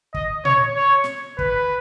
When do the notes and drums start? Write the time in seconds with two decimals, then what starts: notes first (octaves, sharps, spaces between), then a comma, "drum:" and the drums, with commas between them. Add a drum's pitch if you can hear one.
0.14 D#5, drum: kick
0.45 C#5, drum: tom A#2
0.77 C#5
1.04 drum: snare
1.39 B4, drum: kick